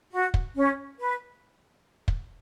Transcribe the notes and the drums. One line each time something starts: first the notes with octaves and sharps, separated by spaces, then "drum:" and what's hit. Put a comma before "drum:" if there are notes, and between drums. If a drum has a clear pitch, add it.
F#4
drum: kick
C#4
B4
drum: kick